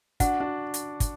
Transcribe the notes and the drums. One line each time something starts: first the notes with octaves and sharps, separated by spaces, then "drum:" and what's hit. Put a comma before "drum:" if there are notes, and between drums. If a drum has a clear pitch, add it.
D4 F#4 F#5, drum: kick, hi-hat
D4 F#4
drum: hi-hat
drum: kick, hi-hat